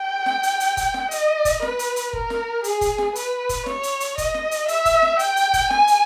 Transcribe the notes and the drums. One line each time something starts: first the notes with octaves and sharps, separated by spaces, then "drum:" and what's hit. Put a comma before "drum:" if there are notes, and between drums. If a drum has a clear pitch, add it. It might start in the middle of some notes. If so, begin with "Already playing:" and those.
Already playing: G5
drum: snare
drum: hi-hat
drum: hi-hat
drum: kick, hi-hat
drum: snare
D#5, drum: hi-hat
drum: kick, hi-hat
B4, drum: snare
drum: hi-hat
drum: hi-hat
A#4, drum: kick
drum: snare
G#4, drum: hi-hat
drum: kick, hi-hat
drum: snare
B4, drum: hi-hat
drum: kick, hi-hat
C#5, drum: snare
drum: hi-hat
drum: hi-hat
D#5, drum: kick, hi-hat
drum: snare
drum: hi-hat
E5, drum: hi-hat
drum: kick, hi-hat
drum: snare
G5, drum: hi-hat
drum: hi-hat
drum: kick, hi-hat
G#5, drum: snare
drum: hi-hat